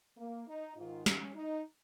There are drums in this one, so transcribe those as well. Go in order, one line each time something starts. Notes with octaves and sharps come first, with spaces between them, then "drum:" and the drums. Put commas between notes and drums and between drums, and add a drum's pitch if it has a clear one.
A#3
D#4
G#2 D#3 F4
C#4, drum: snare
D#4